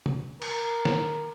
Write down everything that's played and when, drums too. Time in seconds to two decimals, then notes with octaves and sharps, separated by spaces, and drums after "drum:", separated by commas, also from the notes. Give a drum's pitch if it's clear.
0.06 drum: tom C3
0.42 A#4, drum: cymbal
0.85 drum: snare